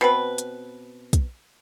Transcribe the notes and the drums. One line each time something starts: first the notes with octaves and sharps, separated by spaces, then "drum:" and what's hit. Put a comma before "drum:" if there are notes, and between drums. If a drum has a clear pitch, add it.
B2 C4 B4
drum: hi-hat
drum: kick, hi-hat